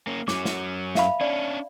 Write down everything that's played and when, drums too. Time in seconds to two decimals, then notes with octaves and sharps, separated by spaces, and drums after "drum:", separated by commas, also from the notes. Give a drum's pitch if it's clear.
0.07 A#3 C#4
0.28 F#2 F#3 C#4 D6, drum: snare
0.45 drum: snare
0.95 E5 F5 B5, drum: snare
1.21 C#4 D4 D5